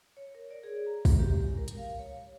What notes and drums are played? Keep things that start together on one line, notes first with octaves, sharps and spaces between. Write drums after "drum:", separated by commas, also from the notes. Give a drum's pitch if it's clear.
C#5
A#4
D5
G#4
A#5
drum: kick, open hi-hat
G4
G#3
A#4
drum: hi-hat
F5
C#5